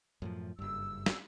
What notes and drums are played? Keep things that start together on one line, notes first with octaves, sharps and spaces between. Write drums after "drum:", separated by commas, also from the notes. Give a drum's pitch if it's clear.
F#2 A2 F3
F#1 G2 E6
drum: snare